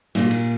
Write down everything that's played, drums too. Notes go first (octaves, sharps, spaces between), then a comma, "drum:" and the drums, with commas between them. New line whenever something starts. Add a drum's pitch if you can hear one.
A#2, drum: snare
drum: cymbal